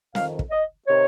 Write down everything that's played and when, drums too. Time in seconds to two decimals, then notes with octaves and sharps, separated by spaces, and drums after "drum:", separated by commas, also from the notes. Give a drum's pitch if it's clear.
0.15 F2 D#3 F5, drum: snare
0.39 drum: kick
0.51 D#5
0.87 C3 D#3 C#5